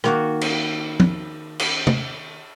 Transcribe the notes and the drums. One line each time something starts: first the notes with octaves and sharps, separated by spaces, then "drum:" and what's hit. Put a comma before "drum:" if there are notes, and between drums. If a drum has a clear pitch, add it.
D#3 A#3 F#4, drum: rim click
drum: cymbal
drum: tom
drum: cymbal
drum: tom